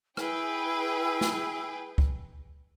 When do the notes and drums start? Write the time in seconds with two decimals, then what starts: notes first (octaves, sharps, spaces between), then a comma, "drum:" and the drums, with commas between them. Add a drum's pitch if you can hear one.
0.17 E4 G#4 B4 G5, drum: rim click
1.21 drum: snare
1.98 drum: kick